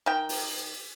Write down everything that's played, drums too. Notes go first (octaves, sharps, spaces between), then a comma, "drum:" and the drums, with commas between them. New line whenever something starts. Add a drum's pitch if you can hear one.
D#3 G5
drum: open hi-hat